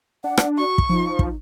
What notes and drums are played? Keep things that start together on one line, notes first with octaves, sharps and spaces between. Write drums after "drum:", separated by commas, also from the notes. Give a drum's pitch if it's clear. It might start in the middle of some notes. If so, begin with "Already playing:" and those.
D4 F#5
drum: rim click
F#4 C#6
drum: kick
F3 D#4
drum: kick